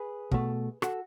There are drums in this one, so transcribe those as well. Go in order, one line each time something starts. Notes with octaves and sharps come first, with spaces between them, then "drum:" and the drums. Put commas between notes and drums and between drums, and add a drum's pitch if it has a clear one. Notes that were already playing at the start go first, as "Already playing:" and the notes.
Already playing: G#4 B4
B2 A3, drum: kick
F#4 A4, drum: rim click